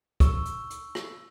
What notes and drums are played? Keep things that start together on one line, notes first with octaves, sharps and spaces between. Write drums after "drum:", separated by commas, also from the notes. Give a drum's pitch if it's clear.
C#6 E6, drum: kick, hi-hat
drum: hi-hat
drum: hi-hat
drum: rim click